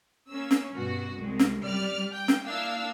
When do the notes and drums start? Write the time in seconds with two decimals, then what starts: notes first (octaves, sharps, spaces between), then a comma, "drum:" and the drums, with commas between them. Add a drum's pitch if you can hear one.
0.30 A#3 C#4 E6
0.51 drum: snare
0.74 G2 B2 F#4
1.17 C2 G#3
1.39 drum: snare
1.63 G3 D5 F6
2.13 G5
2.28 drum: snare
2.44 A#3 D4 E4 F5 E6